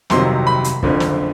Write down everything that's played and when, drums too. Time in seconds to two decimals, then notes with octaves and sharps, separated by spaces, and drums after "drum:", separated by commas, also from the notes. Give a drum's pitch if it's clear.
0.10 G1 F2 C3 D#3 F#3 C6, drum: snare
0.47 B5
0.64 drum: hi-hat
0.83 F#1 F2 D3 F3, drum: kick
1.00 drum: snare